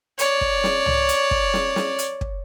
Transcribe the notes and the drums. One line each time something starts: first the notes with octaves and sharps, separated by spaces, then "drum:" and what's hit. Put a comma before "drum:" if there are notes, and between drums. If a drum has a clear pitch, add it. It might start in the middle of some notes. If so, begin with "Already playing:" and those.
C#5 D5, drum: hi-hat
drum: kick
drum: snare
drum: tom
drum: hi-hat
drum: kick
drum: snare
drum: snare
drum: hi-hat
drum: kick